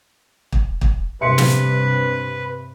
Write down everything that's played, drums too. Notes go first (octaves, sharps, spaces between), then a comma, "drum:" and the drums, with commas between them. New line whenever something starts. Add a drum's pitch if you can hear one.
drum: kick
drum: kick
G2 C3 B4 E5 C6 C#7
drum: snare